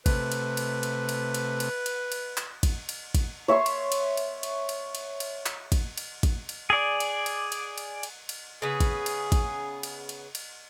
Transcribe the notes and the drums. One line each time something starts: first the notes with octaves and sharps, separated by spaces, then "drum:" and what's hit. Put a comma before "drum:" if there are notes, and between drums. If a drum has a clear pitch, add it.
C3 A3 B4, drum: kick, cymbal
drum: cymbal
drum: cymbal
drum: cymbal
drum: cymbal
drum: cymbal
drum: cymbal
drum: cymbal
drum: cymbal
drum: clap
drum: kick, cymbal
drum: cymbal
drum: kick, cymbal
C#5 E5 C6 C#6
drum: cymbal
drum: cymbal
drum: cymbal
drum: cymbal
drum: cymbal
drum: cymbal
drum: cymbal
drum: clap
drum: kick, cymbal
drum: cymbal
drum: kick, cymbal
drum: cymbal
G#4 D5
drum: cymbal
drum: cymbal
drum: cymbal
drum: cymbal
drum: cymbal
drum: cymbal
C#3 B3 G#4
drum: kick, cymbal
drum: cymbal
drum: kick, cymbal
drum: cymbal
drum: cymbal
drum: cymbal